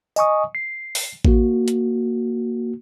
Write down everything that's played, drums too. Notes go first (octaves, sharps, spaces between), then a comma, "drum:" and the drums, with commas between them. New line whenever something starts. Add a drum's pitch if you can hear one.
D#5 G#5 C#6 D#6, drum: tambourine
C7
drum: open hi-hat
A#3 F#4, drum: kick A1
drum: hi-hat